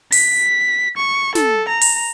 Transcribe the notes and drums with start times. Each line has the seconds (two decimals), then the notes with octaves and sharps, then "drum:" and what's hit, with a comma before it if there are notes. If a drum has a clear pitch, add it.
0.12 B6, drum: open hi-hat
0.97 C#6
1.35 A4, drum: snare
1.68 A#5
1.81 drum: open hi-hat